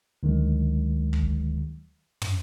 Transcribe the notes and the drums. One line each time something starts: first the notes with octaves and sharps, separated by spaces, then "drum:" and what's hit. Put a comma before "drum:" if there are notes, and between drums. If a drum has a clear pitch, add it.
D2 D#3 F#3 G#3
drum: kick
drum: tom